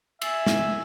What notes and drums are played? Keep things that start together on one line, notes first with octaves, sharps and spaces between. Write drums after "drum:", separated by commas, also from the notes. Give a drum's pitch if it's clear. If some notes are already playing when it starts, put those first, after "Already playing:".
E5 G#5 E6 A6 F#7, drum: cymbal
drum: snare